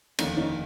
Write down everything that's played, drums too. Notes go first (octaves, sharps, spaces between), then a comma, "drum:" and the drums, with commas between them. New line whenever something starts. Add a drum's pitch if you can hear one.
F1 D#2 D3 C#4 D#4, drum: cymbal
C#4 D#4